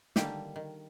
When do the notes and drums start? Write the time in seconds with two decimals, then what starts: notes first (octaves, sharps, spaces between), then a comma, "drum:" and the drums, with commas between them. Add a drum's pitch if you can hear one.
0.16 D3 D#3 G3 A#3 G4 A4, drum: snare
0.56 D#3